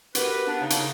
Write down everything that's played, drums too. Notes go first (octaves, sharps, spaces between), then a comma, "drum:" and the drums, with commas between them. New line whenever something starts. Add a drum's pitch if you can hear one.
F#4 G4 A#4 B4, drum: hi-hat
B3 D4
C#3 D#4
drum: hi-hat